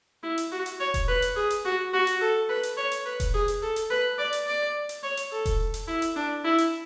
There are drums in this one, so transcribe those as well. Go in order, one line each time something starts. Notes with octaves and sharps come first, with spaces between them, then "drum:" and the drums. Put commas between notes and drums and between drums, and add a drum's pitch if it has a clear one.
E4
drum: hi-hat
F#4
drum: hi-hat
C#5
drum: kick E1, hi-hat
B4
drum: hi-hat
G#4
drum: hi-hat
F#4
F#4
drum: hi-hat
A4
B4
drum: hi-hat
C#5
drum: hi-hat
B4
drum: kick E1, hi-hat
G#4
drum: hi-hat
A4
drum: hi-hat
B4
D5
drum: hi-hat
D5
drum: hi-hat
C#5
drum: hi-hat
A4
drum: kick E1, hi-hat
drum: hi-hat
E4
drum: hi-hat
D4
E4
drum: hi-hat